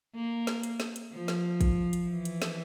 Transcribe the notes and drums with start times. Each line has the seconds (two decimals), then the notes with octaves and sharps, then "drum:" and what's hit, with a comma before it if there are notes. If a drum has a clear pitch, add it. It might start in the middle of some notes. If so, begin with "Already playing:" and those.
0.15 A#3
0.47 drum: snare
0.63 drum: hi-hat
0.80 drum: snare
0.96 drum: hi-hat
1.13 F3
1.28 drum: snare
1.61 drum: kick, hi-hat
1.93 drum: hi-hat
2.09 E3
2.25 drum: hi-hat
2.42 drum: snare